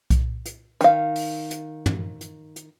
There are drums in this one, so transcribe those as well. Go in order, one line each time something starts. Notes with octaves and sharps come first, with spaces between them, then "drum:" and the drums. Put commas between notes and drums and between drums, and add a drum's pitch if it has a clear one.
drum: kick B1, hi-hat
drum: hi-hat
D#3 F5, drum: hi-hat
drum: open hi-hat
drum: hi-hat
drum: tom
drum: hi-hat
drum: hi-hat